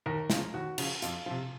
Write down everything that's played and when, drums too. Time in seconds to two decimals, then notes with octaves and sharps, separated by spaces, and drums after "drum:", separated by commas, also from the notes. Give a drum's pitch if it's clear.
0.06 D#2 A#4
0.30 C#3 F3, drum: snare
0.54 D#2 F#4
0.78 C#3 F3, drum: cymbal
1.02 F2 F4, drum: hi-hat
1.26 C3 F3